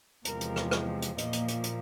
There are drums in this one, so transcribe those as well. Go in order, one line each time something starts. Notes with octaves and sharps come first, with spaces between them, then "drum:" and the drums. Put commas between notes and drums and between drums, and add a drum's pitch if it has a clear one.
E2 C3 F3 G#3 A#4, drum: hi-hat
drum: hi-hat
drum: rim click
drum: rim click
drum: hi-hat
A#2 F3 A#3 D#5, drum: hi-hat
drum: hi-hat
drum: hi-hat
drum: hi-hat